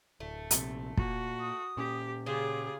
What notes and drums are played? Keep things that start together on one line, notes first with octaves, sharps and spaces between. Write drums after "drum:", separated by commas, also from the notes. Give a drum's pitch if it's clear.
D1 A3
A#1 C3, drum: hi-hat
A#2 F#4, drum: kick
D#6
A#2 C#4 G4
C#3 F4 G4 G#4